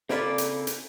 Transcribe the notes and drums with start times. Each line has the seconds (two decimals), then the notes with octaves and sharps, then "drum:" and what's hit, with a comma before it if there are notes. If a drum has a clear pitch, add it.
0.09 C#3 A#3 C4 F4 A4 D5 B5, drum: snare
0.38 drum: hi-hat
0.67 drum: hi-hat